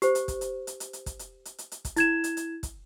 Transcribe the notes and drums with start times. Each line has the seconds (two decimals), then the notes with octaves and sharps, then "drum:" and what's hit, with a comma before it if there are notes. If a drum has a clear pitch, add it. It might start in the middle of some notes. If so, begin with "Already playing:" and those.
0.02 G4 C5, drum: hi-hat
0.15 drum: hi-hat
0.28 drum: kick, hi-hat
0.41 drum: hi-hat
0.67 drum: hi-hat
0.80 drum: hi-hat
0.93 drum: hi-hat
1.06 drum: kick, hi-hat
1.19 drum: hi-hat
1.45 drum: hi-hat
1.58 drum: hi-hat
1.72 drum: hi-hat
1.85 drum: kick, hi-hat
1.96 E4 G#6 E7, drum: hi-hat
2.24 drum: hi-hat
2.37 drum: hi-hat
2.63 drum: kick, hi-hat